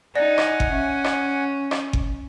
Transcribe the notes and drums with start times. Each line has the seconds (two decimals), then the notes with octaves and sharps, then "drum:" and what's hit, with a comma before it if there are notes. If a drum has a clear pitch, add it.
0.15 D#4 D5 F#5 G#5 A#6
0.38 drum: rim click
0.60 drum: kick G1
0.71 C#4 E5
1.04 drum: rim click
1.71 drum: rim click
1.93 drum: kick G1